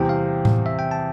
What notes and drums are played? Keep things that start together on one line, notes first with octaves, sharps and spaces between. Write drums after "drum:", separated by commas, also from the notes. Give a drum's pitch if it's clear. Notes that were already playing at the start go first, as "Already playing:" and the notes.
Already playing: E2 C3 G3 C4 G5
F5
drum: tom A2
E5
G5
A5